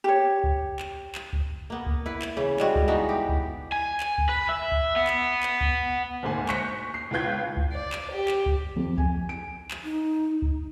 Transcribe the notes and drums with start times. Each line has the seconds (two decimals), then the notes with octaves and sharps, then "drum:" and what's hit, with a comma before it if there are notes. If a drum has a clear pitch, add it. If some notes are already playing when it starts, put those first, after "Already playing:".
0.04 G4 C#5
0.44 drum: kick C#2
0.79 drum: clap
1.15 drum: clap
1.33 drum: kick C#2
1.70 A#3 B3
1.86 drum: kick C#2
2.06 E4 B4
2.22 drum: clap
2.37 C#3 E3
2.60 G3 G#3 F#4, drum: clap
2.75 drum: kick C#2
2.88 E3 B3 D#4
3.09 G4
3.29 drum: kick C#2
3.72 G#5
4.00 drum: clap
4.18 drum: kick C#2
4.29 B4
4.49 E5
4.72 drum: kick C#2
4.96 B3
5.07 drum: clap
5.43 drum: clap
5.61 drum: kick C#2
6.23 D2 G#2 A#3 C5 G#5
6.49 C#6 F#6 G6 A#6 B6 C#7, drum: clap
6.94 C7
7.11 C#2 E4 F4 B4 G6 G#6
7.57 drum: kick C#2
7.72 D5
7.93 drum: clap
8.10 G4
8.28 drum: clap
8.46 drum: kick C#2
8.76 F2
8.98 G#5, drum: kick C#2
9.29 D7
9.71 drum: clap
9.84 D#4
10.42 drum: kick C#2